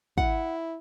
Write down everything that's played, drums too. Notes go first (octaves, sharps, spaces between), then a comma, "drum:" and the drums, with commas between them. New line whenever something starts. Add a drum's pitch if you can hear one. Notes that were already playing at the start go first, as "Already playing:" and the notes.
E4 F#5, drum: kick